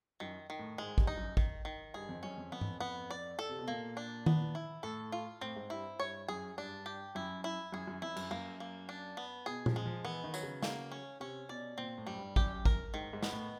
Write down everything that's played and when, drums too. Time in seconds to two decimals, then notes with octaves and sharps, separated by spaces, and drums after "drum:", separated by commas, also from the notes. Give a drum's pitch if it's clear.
0.20 F#2 D#3
0.50 D#3
0.59 A2
0.78 G#2 G#3
0.98 G2, drum: kick
1.07 D#4
1.17 F#2
1.37 D#3, drum: kick
1.65 D#3
1.94 G2 G#4
2.09 F2
2.23 F#2 C#4
2.38 F2
2.52 F2 B3
2.61 drum: tom G#2
2.80 B3
3.10 D5
3.39 A4
3.49 C3
3.59 B2
3.68 A#2 A#3
3.97 D4
4.26 B3, drum: tom D#3
4.55 E4
4.83 A2 A4
5.12 F4
5.41 A2 C4
5.56 G#2
5.70 G2 E4
6.00 G2 C#5
6.28 F#2 G#4
6.57 G2 D4
6.86 G4
7.15 F#2 E4
7.44 E4
7.73 F#2 G#4
7.88 F#2
8.02 F2 E4
8.16 F#2, drum: cymbal
8.31 F#2 A#3
8.60 A#3
8.89 D4
9.17 B3
9.46 B2 G#4
9.66 F3, drum: tom A#2
9.76 G#3
9.86 F3
10.05 E3 B3
10.24 D#3
10.34 F#3, drum: tambourine
10.43 C#3
10.63 A#3, drum: snare
10.92 C#4
11.20 C3 C#4
11.49 B2 D5
11.78 A#2 C4
11.98 A2
12.07 F#2 G3
12.17 G2
12.36 F#2 G4, drum: kick
12.65 A#4, drum: kick
12.94 G#2 D#3
13.13 G#2
13.23 B3, drum: snare
13.33 A2